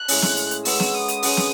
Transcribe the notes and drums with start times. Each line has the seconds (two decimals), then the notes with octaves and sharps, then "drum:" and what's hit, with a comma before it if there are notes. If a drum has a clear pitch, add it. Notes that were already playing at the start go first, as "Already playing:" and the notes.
Already playing: F#6
0.08 A2 G#3 C#4, drum: open hi-hat
0.22 drum: snare
0.37 drum: hi-hat
0.51 drum: hi-hat
0.65 G#3 C#4 F#4 B4 E6, drum: open hi-hat
0.80 drum: snare
0.94 D#6
1.08 drum: hi-hat
1.23 G#3 C#4 F#4 B4, drum: open hi-hat
1.37 drum: snare